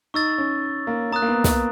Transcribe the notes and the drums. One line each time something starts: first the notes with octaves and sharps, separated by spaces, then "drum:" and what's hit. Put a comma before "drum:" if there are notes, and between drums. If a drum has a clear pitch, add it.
D#4 C#6 E6 A6
C#4
A#3
A#3 A#5 D#6 F#6
A#3
B3
B3, drum: snare